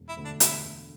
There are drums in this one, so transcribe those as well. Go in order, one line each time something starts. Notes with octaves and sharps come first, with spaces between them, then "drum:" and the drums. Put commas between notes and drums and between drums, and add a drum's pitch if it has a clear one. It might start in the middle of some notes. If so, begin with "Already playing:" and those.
Already playing: E1
E4
D2 D3 A3
D4
E1 E4, drum: hi-hat
D2 D3 A3